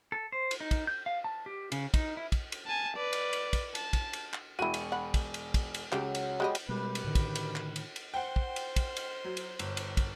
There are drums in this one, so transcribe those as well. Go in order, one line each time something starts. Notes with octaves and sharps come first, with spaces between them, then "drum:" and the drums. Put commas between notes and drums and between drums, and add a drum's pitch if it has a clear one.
A4
C5
drum: cymbal
D#4
drum: kick, cymbal
G6
F5
A5
G4
C#3, drum: cymbal
D#4, drum: kick, cymbal
E4
drum: kick, cymbal
drum: cymbal
G#5 A5
B4 D5
drum: cymbal
drum: cymbal
drum: kick, cymbal
A5, drum: cymbal
drum: kick, cymbal
drum: cymbal
drum: clap
E1 E4 F#4 G5 C#6 D#7
drum: cymbal
F#5 B5
drum: kick, cymbal
drum: cymbal
drum: kick, cymbal
drum: cymbal
C#2 F#3 G4 E6, drum: clap
drum: cymbal
G3 G#3 B3 G4 G#4 D#5
drum: cymbal
F#2 B2 G3 G#3 G4 B4
drum: cymbal
A2 D3 D#3
drum: kick, cymbal
drum: cymbal
drum: clap
drum: cymbal
drum: cymbal
C5 F#5 G5
drum: kick
drum: cymbal
drum: kick, cymbal
drum: cymbal
F#3
drum: cymbal
G1, drum: cymbal
drum: cymbal
drum: kick, cymbal